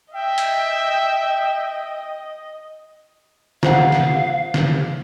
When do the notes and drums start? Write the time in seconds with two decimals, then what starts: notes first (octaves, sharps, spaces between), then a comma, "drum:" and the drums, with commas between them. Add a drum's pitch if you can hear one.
0.14 D#5 E5 G5
0.38 drum: hi-hat
3.63 F4 C5 F5 F#5, drum: snare
3.92 drum: snare
4.54 drum: snare